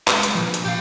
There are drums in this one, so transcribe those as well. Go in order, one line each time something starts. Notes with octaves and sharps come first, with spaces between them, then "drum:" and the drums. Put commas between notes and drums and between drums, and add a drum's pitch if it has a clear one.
G#3 B4, drum: clap
drum: hi-hat
A#2 F3
drum: hi-hat
G4 F5